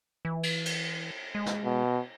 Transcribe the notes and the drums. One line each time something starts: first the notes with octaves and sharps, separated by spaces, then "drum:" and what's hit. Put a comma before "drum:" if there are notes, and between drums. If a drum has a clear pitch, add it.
E3
drum: cymbal
drum: cymbal
G#3
drum: snare
B2